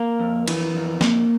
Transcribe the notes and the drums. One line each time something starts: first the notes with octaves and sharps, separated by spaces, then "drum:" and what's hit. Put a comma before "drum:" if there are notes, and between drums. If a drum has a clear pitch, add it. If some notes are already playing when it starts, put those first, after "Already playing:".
Already playing: A#3 A#4
F2
E3, drum: cymbal
F2
A#3, drum: snare